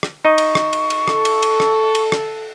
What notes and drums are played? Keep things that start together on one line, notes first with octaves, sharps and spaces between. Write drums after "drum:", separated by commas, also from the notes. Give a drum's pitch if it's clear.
drum: rim click
D#4 D#5 C#6
drum: cymbal
drum: rim click
drum: cymbal
drum: cymbal
A4, drum: rim click
drum: cymbal
drum: cymbal
drum: rim click
drum: cymbal
drum: rim click